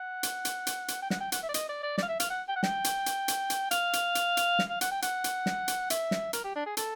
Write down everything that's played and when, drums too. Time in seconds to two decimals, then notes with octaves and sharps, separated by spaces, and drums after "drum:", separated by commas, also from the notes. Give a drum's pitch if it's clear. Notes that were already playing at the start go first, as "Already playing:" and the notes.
Already playing: F#5
0.23 drum: hi-hat
0.45 drum: hi-hat
0.67 drum: hi-hat
0.88 drum: hi-hat
1.02 G5
1.10 F#5, drum: snare
1.20 G5
1.32 F#5, drum: hi-hat
1.43 E5
1.49 D5
1.54 D#5, drum: hi-hat
1.69 D5
1.83 D5
1.98 D5, drum: snare
2.02 F5
2.08 E5
2.20 F5, drum: hi-hat
2.30 F#5
2.48 G5
2.56 F#5
2.63 G5, drum: snare
2.84 drum: hi-hat
3.06 drum: hi-hat
3.28 drum: hi-hat
3.50 drum: hi-hat
3.71 F5, drum: hi-hat
3.93 drum: hi-hat
4.15 drum: hi-hat
4.37 drum: hi-hat
4.59 drum: snare
4.70 F5
4.81 F#5, drum: hi-hat
4.91 G5
5.02 F#5, drum: hi-hat
5.24 drum: hi-hat
5.46 drum: snare
5.68 drum: hi-hat
5.90 E5, drum: hi-hat
6.11 drum: snare
6.33 A#4, drum: hi-hat
6.44 G4
6.55 D4
6.66 G#4
6.77 A4, drum: hi-hat